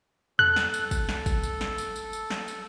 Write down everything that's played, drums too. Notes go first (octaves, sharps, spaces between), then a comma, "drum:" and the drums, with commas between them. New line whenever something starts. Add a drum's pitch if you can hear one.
A4 F#6, drum: tom E2
drum: snare
drum: tambourine
drum: kick, tambourine
drum: snare
drum: kick, tambourine
drum: tambourine
drum: snare
drum: tambourine
drum: tambourine
drum: tambourine
drum: snare
drum: tambourine